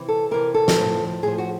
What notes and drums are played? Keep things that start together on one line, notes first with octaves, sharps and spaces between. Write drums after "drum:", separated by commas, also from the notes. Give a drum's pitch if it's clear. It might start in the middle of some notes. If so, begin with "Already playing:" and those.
Already playing: C3 E3
A4
C3 E3 A#4
A4
drum: snare
A2 F3
A2 F3 G#4
F#4